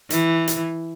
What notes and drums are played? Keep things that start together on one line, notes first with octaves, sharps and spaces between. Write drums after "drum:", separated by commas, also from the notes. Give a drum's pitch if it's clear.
E3, drum: hi-hat
drum: hi-hat